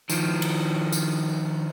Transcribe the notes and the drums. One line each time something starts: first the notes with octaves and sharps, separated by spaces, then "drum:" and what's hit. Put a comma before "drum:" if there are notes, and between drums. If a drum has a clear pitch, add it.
D#3 F3, drum: tambourine
drum: cymbal
drum: tambourine